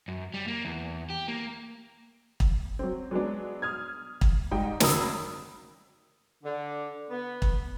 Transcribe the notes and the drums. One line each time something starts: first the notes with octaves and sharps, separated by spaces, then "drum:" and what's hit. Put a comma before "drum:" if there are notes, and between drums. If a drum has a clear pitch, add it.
F#2
G3
A#3
E2
G4
A#3
drum: kick
F#3 C4
F#3 G#3 B3 D4
D#6 F6 G#6
drum: kick
G#2 G3 D#4 D#5 G5
G#1 F#2 A#4 B5 D#6 E6, drum: snare
D3
B3
drum: kick